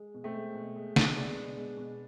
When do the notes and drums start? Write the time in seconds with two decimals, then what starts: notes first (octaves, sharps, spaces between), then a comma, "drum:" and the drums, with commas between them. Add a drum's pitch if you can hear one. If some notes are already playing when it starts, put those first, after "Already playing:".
Already playing: G#3
0.14 B2
0.24 A3 C4
0.34 G#3
0.55 B2
0.76 G#3
0.96 B2, drum: snare
1.16 G#3 B3 D4
1.37 B2
1.57 G#3
1.77 B2